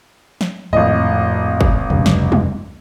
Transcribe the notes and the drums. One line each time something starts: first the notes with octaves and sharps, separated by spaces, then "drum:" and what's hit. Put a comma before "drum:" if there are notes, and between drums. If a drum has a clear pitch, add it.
drum: snare
G#1 F2 A2 D#5
drum: kick
F1 C#2 G2, drum: tom A#2
drum: snare
drum: tom G3